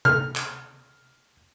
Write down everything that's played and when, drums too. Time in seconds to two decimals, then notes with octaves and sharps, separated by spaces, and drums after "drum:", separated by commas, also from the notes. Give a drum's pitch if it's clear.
0.05 F6, drum: tom C3
0.36 drum: clap